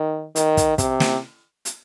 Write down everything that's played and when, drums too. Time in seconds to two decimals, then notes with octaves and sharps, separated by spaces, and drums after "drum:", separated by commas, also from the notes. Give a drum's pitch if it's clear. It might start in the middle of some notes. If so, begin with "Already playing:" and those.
Already playing: D#3
0.36 D#3, drum: hi-hat
0.57 drum: kick, hi-hat
0.78 C3, drum: kick, hi-hat
1.00 drum: snare
1.65 drum: hi-hat